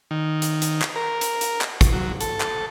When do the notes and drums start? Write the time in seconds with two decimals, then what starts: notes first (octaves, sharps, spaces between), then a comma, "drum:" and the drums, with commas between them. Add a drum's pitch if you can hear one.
0.11 D#3
0.42 drum: hi-hat
0.62 drum: hi-hat
0.82 drum: clap
0.96 A#4
1.21 drum: hi-hat
1.41 drum: hi-hat
1.61 drum: clap
1.81 drum: kick, hi-hat
1.93 F#3
2.21 A4, drum: hi-hat
2.40 drum: clap